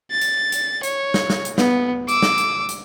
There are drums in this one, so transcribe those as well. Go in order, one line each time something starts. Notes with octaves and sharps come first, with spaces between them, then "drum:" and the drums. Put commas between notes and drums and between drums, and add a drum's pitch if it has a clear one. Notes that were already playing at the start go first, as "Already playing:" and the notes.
A6
drum: hi-hat
drum: hi-hat
C#5, drum: hi-hat
drum: snare
drum: snare
drum: hi-hat
B3, drum: snare
D6 E6, drum: hi-hat
drum: snare
drum: hi-hat
drum: hi-hat